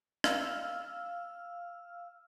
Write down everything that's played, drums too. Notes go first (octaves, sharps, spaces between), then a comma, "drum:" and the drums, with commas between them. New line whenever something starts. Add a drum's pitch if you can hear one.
F5 E6 F6, drum: rim click